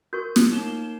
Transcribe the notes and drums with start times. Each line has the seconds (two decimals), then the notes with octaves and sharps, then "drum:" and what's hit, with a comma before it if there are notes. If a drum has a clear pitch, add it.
0.13 F#4 A#4 C#6 G6
0.36 drum: snare
0.52 A#3 D#4 E7 G7